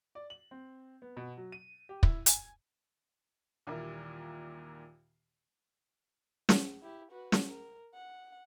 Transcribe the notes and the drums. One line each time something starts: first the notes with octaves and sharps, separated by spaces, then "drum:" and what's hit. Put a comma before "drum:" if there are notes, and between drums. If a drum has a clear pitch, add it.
D5
F#7
C4
B3
B2
F#3
D#7
G4
E4, drum: kick
G#5, drum: hi-hat
D#2 A#2 E3 G3 A#4 E5
drum: snare
E4 G4
F#4 B4
drum: snare
A#4
F#5